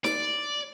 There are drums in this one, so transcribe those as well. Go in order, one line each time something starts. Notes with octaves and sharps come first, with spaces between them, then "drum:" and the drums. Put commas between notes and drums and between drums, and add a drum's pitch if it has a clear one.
D5, drum: snare